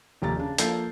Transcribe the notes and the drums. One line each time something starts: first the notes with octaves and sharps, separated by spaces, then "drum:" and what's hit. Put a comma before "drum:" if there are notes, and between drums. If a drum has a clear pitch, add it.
F1 D#2 G4 A#5 A6
C#3 D4
F3 A#3 A4 G6 C7, drum: hi-hat